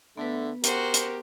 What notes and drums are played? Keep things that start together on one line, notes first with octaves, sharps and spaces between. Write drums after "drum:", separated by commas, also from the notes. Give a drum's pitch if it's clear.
D3 A3 B3 B4
F#4 G4 A#4 C5, drum: hi-hat
drum: hi-hat